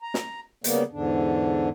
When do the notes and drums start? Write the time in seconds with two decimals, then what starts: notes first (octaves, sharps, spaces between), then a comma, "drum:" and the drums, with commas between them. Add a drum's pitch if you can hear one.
0.02 A#5
0.14 drum: snare
0.64 C#3 G3 A#3 B3, drum: hi-hat
0.92 E2 G#2 D3 D4